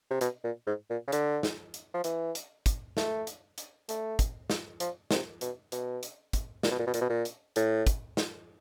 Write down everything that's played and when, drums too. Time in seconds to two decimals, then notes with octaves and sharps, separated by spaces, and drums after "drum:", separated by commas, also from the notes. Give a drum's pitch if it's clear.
0.11 C3
0.21 B2, drum: hi-hat
0.44 A#2
0.66 G#2
0.90 A#2
1.07 C#3
1.12 D3, drum: hi-hat
1.43 drum: snare
1.74 drum: hi-hat
1.94 F3
2.04 E3, drum: hi-hat
2.35 drum: hi-hat
2.66 drum: kick, hi-hat
2.97 A3, drum: snare
3.27 drum: hi-hat
3.58 drum: hi-hat
3.89 A3, drum: hi-hat
4.19 drum: kick, hi-hat
4.50 drum: snare
4.80 F3, drum: hi-hat
5.11 C3, drum: snare
5.41 B2, drum: hi-hat
5.72 B2, drum: hi-hat
6.03 drum: hi-hat
6.33 drum: kick, hi-hat
6.63 A#2, drum: snare
6.71 B2
6.79 A#2
6.87 B2
6.94 A#2, drum: hi-hat
7.01 B2
7.09 A#2
7.25 drum: hi-hat
7.56 A2, drum: hi-hat
7.87 drum: kick, hi-hat
8.17 drum: snare